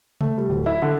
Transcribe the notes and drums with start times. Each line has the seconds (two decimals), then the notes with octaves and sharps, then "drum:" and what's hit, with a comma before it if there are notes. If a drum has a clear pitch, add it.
0.21 A3, drum: tom C3
0.38 G3
0.49 D1
0.66 E4
0.82 D3